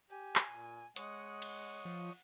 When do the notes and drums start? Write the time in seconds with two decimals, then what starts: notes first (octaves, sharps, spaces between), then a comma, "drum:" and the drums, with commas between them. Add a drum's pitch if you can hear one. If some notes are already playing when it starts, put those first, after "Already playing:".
0.11 G4 G#5
0.36 drum: clap
0.50 A#2
0.96 G#3 C#5 D#5 F#5, drum: hi-hat
1.42 drum: cymbal
1.85 F3